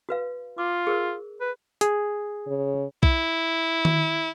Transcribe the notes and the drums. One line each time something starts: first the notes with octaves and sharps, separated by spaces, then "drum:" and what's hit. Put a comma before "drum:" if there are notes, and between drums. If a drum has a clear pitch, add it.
F#4 B4 F5
F4 D6
G#4 A#4 C5
B4
G#4, drum: hi-hat
C#3
E4, drum: kick B1
drum: tom D#3